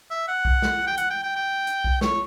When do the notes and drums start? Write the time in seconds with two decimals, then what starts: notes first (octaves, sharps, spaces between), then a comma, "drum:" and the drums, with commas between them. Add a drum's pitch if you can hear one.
0.11 E5
0.28 F#5
0.45 drum: kick B1
0.62 drum: snare
0.87 G5
0.97 F#5, drum: hi-hat
1.10 G5
1.23 G5
1.36 G5
1.67 drum: hi-hat
1.84 drum: kick B1
2.01 C#5, drum: snare